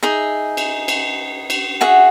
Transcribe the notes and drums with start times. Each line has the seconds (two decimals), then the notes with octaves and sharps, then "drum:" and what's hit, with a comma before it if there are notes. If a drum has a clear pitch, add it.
0.03 D#4 G#4 E5
0.57 drum: cymbal
0.88 drum: cymbal
1.50 drum: cymbal
1.81 F#4 G#4 E5 F#5